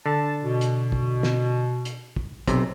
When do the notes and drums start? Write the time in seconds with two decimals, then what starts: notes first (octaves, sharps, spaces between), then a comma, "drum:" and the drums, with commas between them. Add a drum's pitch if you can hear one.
0.06 D3 A5
0.43 B2
0.61 drum: hi-hat
0.92 drum: kick
1.23 drum: snare
1.85 drum: hi-hat
2.16 drum: kick
2.47 B1 C3, drum: kick, hi-hat